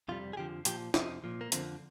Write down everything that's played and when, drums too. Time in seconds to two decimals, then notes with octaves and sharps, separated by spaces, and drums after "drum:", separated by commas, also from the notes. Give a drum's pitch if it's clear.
0.08 F2 C3 G3 F4
0.33 G#4
0.37 F2 D3 F3 G4
0.65 A#2 F3 G4, drum: hi-hat
0.94 F2 C3 F3 D#4, drum: snare
1.24 A#2 F3
1.41 A#3
1.52 F2 D3 F3 C4, drum: hi-hat